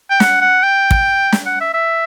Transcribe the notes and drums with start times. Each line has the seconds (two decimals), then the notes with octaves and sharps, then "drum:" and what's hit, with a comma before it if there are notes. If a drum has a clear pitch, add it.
0.10 G5
0.20 F#5, drum: snare
0.41 F#5
0.63 G5
0.91 drum: kick
1.32 drum: snare
1.46 F#5
1.61 E5
1.74 E5